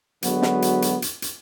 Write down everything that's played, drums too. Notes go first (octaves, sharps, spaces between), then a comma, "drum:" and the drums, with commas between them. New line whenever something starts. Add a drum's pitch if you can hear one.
D3 F#3 G#3 B3 F#4, drum: hi-hat
drum: snare
drum: hi-hat
drum: hi-hat
drum: hi-hat
drum: hi-hat